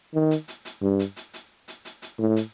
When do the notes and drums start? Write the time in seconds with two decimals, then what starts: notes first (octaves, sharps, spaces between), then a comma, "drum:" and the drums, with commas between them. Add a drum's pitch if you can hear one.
0.14 D#3
0.31 drum: hi-hat
0.48 drum: hi-hat
0.65 drum: hi-hat
0.82 G2
0.99 drum: hi-hat
1.17 drum: hi-hat
1.34 drum: hi-hat
1.68 drum: hi-hat
1.85 drum: hi-hat
2.02 drum: hi-hat
2.19 A2
2.36 drum: hi-hat